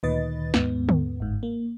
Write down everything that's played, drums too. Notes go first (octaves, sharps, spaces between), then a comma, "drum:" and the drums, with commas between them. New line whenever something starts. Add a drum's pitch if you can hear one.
D2 A#2 D#3 B4 D#5 A6
D#2 G#2 B3, drum: snare
drum: tom D3
G1 G#2
A#3